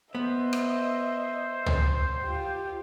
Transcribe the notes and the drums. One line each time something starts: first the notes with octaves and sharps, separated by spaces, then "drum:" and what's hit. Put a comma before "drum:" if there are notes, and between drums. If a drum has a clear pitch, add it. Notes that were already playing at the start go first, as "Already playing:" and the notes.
B3 C5 D#5 E5
drum: rim click
drum: tom
F4 G4